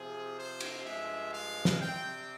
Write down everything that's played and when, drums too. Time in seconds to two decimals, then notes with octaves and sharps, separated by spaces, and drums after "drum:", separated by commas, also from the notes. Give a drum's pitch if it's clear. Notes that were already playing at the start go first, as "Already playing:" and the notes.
Already playing: C3 F3 C4 G#4
0.37 C5
0.60 drum: cymbal
0.84 G2 F3 G#3 E5
1.32 F5
1.65 drum: snare
1.80 C3 G3 C4 G5